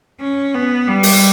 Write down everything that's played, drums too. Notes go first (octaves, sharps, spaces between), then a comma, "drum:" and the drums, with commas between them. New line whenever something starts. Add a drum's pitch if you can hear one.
C#4
B3
G3
drum: open hi-hat